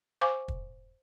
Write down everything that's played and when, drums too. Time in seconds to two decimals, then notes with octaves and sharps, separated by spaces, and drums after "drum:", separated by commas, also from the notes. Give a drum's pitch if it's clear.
0.21 C5 F5 G#5 C#6 D6
0.48 drum: kick